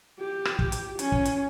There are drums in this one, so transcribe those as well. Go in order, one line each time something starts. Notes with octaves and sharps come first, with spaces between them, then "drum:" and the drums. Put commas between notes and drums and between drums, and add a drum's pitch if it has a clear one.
G4
drum: rim click
drum: kick
drum: hi-hat
C#4, drum: hi-hat
drum: kick
drum: hi-hat